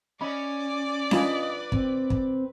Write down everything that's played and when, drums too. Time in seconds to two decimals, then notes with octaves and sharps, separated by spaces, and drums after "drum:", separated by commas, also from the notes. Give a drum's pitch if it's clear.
0.21 C#4 D5 D#5 B5
1.11 D4 F4 B4 D#5 G#5, drum: snare C#4
1.72 C4, drum: kick
2.10 drum: kick